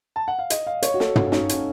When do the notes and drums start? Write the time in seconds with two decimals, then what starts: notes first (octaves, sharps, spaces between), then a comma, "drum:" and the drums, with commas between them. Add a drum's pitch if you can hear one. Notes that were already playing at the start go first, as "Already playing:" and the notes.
0.16 A5
0.28 F#5
0.39 F5
0.50 D#5, drum: hi-hat
0.67 F5
0.83 C#5, drum: hi-hat
0.94 F#4
1.00 A4, drum: snare
1.16 F#4, drum: tom
1.27 C#4
1.32 D#4, drum: snare
1.49 C#4, drum: hi-hat